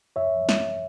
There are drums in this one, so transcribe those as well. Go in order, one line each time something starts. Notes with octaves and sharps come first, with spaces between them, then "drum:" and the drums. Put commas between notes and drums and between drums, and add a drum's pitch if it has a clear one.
F#2 C#5 E5
drum: snare